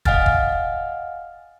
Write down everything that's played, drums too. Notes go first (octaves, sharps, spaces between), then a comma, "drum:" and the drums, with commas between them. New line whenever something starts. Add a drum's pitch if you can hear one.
D#5 F5 F#5 G#5 F6 A6, drum: kick
drum: kick